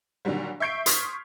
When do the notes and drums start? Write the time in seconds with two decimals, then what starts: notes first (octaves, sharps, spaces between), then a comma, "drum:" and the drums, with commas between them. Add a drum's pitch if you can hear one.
0.25 A#2 D3 D#3 F#3 G3
0.60 E5 C#6 G6 C7 D7
0.86 C6 C#6 D#6 F6 G#6 B6, drum: hi-hat